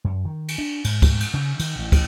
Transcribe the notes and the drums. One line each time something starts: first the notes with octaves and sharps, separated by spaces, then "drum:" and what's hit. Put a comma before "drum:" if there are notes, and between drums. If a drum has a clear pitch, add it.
F#2
D#3
drum: cymbal
D4
G#2, drum: cymbal
drum: kick, cymbal
drum: cymbal
C#3
D#3, drum: cymbal
A1
drum: kick, cymbal